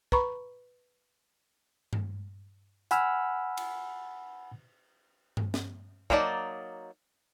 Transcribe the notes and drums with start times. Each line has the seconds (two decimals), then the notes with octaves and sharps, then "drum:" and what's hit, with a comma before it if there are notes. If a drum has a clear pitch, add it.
0.12 B4 A#5 B5 C#6, drum: kick
1.93 drum: tom G2
2.91 F#5 G#5 B5 E6 F6, drum: hi-hat
3.57 drum: cymbal
5.37 drum: tom G2
5.54 drum: snare
6.10 F#3 A#3 D#4 D5 A5, drum: kick